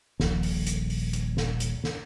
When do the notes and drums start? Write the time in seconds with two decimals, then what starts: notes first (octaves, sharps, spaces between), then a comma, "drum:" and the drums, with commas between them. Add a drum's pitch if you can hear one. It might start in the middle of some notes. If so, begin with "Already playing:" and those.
0.20 D#1 A#1, drum: snare
0.43 drum: open hi-hat
0.66 drum: hi-hat
0.90 drum: open hi-hat
1.13 drum: hi-hat
1.37 drum: snare
1.60 drum: hi-hat
1.84 drum: snare